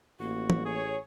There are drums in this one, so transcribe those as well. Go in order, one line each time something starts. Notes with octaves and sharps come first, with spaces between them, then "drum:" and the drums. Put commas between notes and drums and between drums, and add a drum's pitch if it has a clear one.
A1 A#3 F#4
drum: tom
G#4 C#5